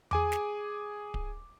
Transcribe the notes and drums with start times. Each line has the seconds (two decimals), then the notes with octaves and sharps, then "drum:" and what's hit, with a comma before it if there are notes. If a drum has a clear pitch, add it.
0.11 G#4 G#5 D6, drum: tom E2
0.32 drum: snare
1.14 drum: kick D1